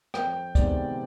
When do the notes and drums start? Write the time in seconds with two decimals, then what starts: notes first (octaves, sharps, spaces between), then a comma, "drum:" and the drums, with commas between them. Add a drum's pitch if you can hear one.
0.14 F2 G5, drum: rim click
0.55 C3 D#3 G#3 B3 D5, drum: kick, hi-hat